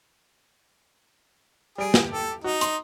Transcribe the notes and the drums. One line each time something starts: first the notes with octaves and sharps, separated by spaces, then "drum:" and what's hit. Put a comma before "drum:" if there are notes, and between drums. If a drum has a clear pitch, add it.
G3 G#4 D7
G4, drum: snare
A4
D#4 F#4
C6, drum: hi-hat